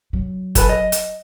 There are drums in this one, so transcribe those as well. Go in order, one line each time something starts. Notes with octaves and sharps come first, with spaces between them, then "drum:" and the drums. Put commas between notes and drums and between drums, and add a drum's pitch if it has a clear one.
F#3
A4 B4 G#5, drum: kick, hi-hat
D#5
drum: hi-hat